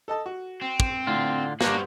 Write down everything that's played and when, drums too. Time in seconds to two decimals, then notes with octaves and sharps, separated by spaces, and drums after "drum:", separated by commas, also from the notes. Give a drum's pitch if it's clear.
0.08 A4 D#5 A5
0.26 F#4
0.61 C4
0.80 drum: kick
1.07 A2 D3 F4
1.61 G2 A#3 D4 F#4 G4 C5 F6, drum: snare